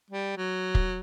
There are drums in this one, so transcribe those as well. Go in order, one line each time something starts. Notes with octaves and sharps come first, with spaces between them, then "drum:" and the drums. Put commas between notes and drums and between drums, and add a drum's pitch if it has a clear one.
G3
F#3
drum: kick